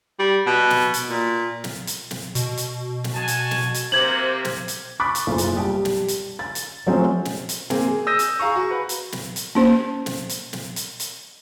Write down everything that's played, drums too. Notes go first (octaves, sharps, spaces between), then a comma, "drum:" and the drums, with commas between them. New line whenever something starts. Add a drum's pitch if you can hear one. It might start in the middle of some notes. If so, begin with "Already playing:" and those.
G3
B2
drum: snare
drum: hi-hat
A#2
drum: snare
drum: hi-hat
drum: snare
B2, drum: hi-hat
drum: hi-hat
drum: snare
F#4 G#5 A5
drum: hi-hat
drum: snare
drum: hi-hat
C3 A#3 C5 G#6 F#7
drum: snare
drum: hi-hat
B5 C#6 D6 F#6 A6 B6
drum: hi-hat
F#1 B1 F4
drum: hi-hat
G3 G4 A5
drum: snare
drum: hi-hat
A6
drum: hi-hat
F3 F#3 G#3 A3 C4 C#4
drum: snare
drum: hi-hat
A#3 C4 G#4, drum: snare
G#4
D#6 E6 G6 A#6 D#7
drum: hi-hat
G#4 F5 A#5 C#6
F#4
B4
drum: hi-hat
drum: snare
drum: hi-hat
A#3 C#4 C5
drum: snare
drum: hi-hat
drum: snare
drum: hi-hat
drum: hi-hat